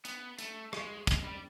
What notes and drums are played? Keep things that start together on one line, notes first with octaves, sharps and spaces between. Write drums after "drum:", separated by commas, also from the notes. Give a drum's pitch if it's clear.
B3, drum: hi-hat
A3, drum: hi-hat
G#3, drum: rim click
G#3, drum: kick, hi-hat
G3